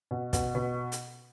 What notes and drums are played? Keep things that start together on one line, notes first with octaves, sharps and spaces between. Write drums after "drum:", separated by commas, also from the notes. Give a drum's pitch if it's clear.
B2
B2, drum: kick, hi-hat
B2
drum: hi-hat